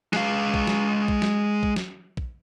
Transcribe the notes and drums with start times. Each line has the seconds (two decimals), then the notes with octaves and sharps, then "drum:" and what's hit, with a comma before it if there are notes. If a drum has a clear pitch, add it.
0.13 G#3 F5, drum: snare
0.54 drum: kick
0.67 drum: snare
1.08 drum: kick
1.22 drum: snare
1.63 drum: kick
1.76 drum: snare
2.17 drum: kick